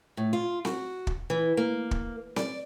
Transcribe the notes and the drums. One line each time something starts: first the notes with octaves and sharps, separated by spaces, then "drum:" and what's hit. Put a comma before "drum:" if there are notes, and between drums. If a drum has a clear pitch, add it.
A2
F4
F#4, drum: snare C4
drum: kick
E3
A#3
drum: kick
D5, drum: snare C4